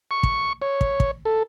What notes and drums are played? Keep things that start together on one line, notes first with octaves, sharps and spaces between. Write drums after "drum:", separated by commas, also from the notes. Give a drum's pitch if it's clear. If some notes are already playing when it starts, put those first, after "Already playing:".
C#6
drum: kick
C#5
drum: kick
drum: kick
A4